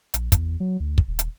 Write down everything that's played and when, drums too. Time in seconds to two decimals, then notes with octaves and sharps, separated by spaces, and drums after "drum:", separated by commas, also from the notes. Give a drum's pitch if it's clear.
0.14 A#1, drum: hi-hat
0.32 E2, drum: kick, hi-hat
0.60 F#3
0.80 D2
0.98 drum: kick
1.08 D#1
1.19 drum: hi-hat